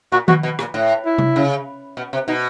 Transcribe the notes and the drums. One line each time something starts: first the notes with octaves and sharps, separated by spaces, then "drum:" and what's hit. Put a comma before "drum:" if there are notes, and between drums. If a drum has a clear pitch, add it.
A#2 F#4
B2 F#4, drum: tom D#3
B2
A#2, drum: rim click
A2
E4
drum: tom C3
C#3
B2
C3
B2 D#4